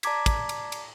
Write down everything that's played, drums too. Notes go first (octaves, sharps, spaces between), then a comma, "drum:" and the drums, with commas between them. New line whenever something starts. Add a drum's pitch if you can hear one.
D5 A5 A#5 D6 G#6 B6, drum: cymbal
drum: kick, cymbal
drum: cymbal
drum: cymbal